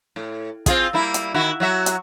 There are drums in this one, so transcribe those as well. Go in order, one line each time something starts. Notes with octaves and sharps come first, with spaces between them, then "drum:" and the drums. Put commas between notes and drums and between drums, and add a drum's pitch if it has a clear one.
A2
C4 F4 G#4, drum: kick, hi-hat
G3 A#3 E4
drum: hi-hat
D#3 E4 F#4
F#3 F#4 E5
drum: hi-hat